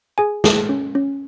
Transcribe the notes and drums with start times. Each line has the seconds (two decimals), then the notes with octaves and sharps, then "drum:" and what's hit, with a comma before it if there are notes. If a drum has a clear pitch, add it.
0.18 G#4 G#5
0.44 G#4, drum: snare
0.69 C#4
0.95 C#4